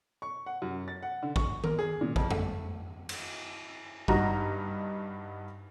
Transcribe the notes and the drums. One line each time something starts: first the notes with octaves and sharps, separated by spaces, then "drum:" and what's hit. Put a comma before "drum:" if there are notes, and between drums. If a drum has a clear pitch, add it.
C#6
F#5
F#2
A6
F#5
D3
C#6, drum: kick A1
A#4, drum: tom D#3
G#4
A#2
F2, drum: kick A1
A3, drum: tom F2
drum: cymbal
G2 D#4 F#4 A#5, drum: kick A1